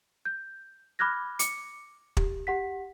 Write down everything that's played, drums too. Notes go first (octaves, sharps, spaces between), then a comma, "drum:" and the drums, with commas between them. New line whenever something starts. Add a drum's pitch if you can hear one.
G6
B5 D6 F6 F#6 G#6 A#6
D6 C#7, drum: hi-hat
G4, drum: kick
G4 F#5 B6